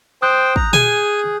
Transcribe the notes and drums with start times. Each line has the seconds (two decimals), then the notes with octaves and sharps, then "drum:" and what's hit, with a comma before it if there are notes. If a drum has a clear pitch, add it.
0.22 C5 G5 D#6 F#6 G6
0.56 A#5, drum: kick
0.73 G#4 G#5, drum: tom